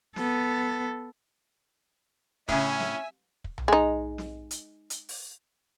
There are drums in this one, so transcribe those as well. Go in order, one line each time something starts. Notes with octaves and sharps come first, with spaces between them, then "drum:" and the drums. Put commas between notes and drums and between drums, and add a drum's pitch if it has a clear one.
B3 A4, drum: snare
A2 C#3 C#4 E5 G#5, drum: kick
drum: snare
drum: kick
drum: tom B1
G#3 D#4
drum: snare
drum: hi-hat
drum: hi-hat
drum: open hi-hat